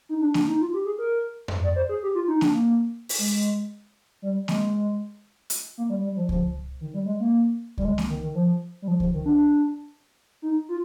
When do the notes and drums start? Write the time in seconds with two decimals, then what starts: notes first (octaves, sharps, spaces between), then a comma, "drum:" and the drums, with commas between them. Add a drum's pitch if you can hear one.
0.09 D#4
0.21 D4
0.34 D4, drum: snare A#3
0.47 D#4
0.61 F4
0.74 G4
0.86 G#4
0.99 A#4
1.48 drum: tom F2
1.64 D5
1.76 C5
1.89 G#4
2.03 G4
2.15 F4
2.28 D#4
2.41 D4, drum: snare A#3
2.55 A#3
3.09 drum: open hi-hat
3.19 G#3
4.22 G3
4.48 G#3, drum: snare A#3
5.50 drum: hi-hat
5.78 A#3
5.90 G3
6.04 G3
6.17 F3
6.29 F3, drum: kick C#2
6.81 D#3
6.94 G3
7.06 G#3
7.20 A#3
7.78 G3, drum: kick C#2
7.85 G#3
7.98 drum: snare A#3
8.09 D#3
8.23 D#3
8.35 F3
8.82 G3
8.88 F3
9.00 F3, drum: kick C#2
9.14 D#3
9.26 D4
10.42 D#4
10.69 F4